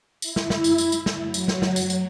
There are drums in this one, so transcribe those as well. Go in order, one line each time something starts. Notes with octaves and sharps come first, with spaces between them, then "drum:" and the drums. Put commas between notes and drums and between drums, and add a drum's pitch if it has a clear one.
E4, drum: tambourine
drum: snare
drum: snare
drum: tambourine
drum: tambourine
drum: tambourine
drum: snare
F#3
drum: tambourine
drum: snare
drum: snare
drum: tambourine
drum: tambourine